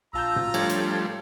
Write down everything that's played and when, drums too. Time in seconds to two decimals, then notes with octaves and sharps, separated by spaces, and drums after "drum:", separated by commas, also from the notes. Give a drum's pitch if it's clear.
0.13 A#1 F4 A5 A#5 E6 G6
0.36 drum: tom
0.54 F3 G3 A3 D4 C#5 G#6, drum: cymbal
0.69 drum: hi-hat